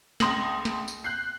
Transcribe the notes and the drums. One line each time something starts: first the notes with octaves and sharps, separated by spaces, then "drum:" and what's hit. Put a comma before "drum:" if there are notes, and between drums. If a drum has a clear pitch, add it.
C#2 C6 D#6 A#6 F#7, drum: snare
drum: snare
drum: tambourine
F#6 G6 C7